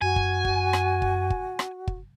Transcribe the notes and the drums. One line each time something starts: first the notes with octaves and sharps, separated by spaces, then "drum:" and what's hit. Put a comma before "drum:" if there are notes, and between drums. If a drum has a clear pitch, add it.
F#2 F#4 G#5
drum: kick
drum: kick
drum: rim click
drum: kick
drum: kick
drum: rim click
drum: kick